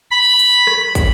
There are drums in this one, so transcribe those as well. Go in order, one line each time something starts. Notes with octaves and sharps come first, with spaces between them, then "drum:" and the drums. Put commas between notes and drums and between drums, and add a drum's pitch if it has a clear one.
B5
drum: hi-hat
drum: rim click
drum: kick, hi-hat